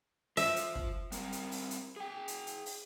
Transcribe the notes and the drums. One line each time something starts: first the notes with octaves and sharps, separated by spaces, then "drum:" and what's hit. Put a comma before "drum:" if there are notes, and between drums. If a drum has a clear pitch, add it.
F4 C5 E5, drum: open hi-hat
drum: hi-hat
drum: kick
G3 C4 A#4, drum: hi-hat
drum: hi-hat
drum: open hi-hat
drum: hi-hat
G#4 G5
drum: hi-hat
drum: hi-hat
drum: open hi-hat